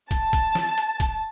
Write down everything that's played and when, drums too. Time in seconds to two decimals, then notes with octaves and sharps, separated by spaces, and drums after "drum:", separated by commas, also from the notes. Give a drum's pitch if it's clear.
0.11 A5, drum: kick, hi-hat
0.33 drum: kick, hi-hat
0.55 drum: snare
0.78 drum: hi-hat
1.00 drum: kick, hi-hat